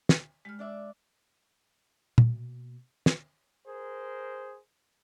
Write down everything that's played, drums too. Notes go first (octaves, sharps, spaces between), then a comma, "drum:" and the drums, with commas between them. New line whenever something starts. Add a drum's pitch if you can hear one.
drum: snare
G3 G#3 F6
D4 D5 E5
B2 A#3, drum: tom
drum: snare
G#4 A#4 C5